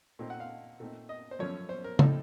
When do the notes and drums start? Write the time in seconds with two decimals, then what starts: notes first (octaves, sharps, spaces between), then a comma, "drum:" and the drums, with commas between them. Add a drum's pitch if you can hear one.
0.19 A#2 A3 C4 D#4
0.30 F#5
0.40 F5
0.80 A#2 A3 C4 D#4
1.09 D#5
1.31 C5
1.39 F#2 F3 A3 C#4 C#5
1.69 C5
1.84 A#4
1.99 A2 F3 C4 D#4 A4, drum: tom C#3